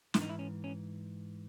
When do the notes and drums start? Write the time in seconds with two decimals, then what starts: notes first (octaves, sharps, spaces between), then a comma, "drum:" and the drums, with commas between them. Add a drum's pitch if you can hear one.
0.14 G#2 E3 E4, drum: snare
0.21 D#4
0.29 E4
0.39 C#4
0.64 C#4